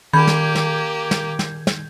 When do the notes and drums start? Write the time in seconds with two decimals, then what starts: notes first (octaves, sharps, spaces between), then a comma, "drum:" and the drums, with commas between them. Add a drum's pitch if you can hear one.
0.13 D#3 A#3 G4 B5 G6 G#6
0.27 drum: snare
0.55 drum: snare
1.11 drum: snare
1.39 drum: snare
1.67 drum: snare